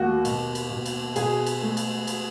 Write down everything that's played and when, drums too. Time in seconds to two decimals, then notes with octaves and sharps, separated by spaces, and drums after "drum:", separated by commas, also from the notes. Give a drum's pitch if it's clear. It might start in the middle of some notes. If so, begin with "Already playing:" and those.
Already playing: D#2 A3 F#4
0.25 B2, drum: cymbal
0.55 drum: cymbal
0.70 B2
0.86 drum: cymbal
1.16 B2 G#4, drum: cymbal
1.47 drum: cymbal
1.62 A3
1.77 drum: cymbal
2.07 drum: cymbal